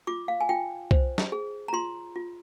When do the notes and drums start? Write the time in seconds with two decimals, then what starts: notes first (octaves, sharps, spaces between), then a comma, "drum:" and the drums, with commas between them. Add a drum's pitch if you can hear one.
0.07 F4 D6
0.28 F5
0.41 G#5
0.49 F4 G5
0.91 C5, drum: kick
1.18 drum: snare
1.32 G#4
1.68 A#5
1.73 F4 C6
2.16 F4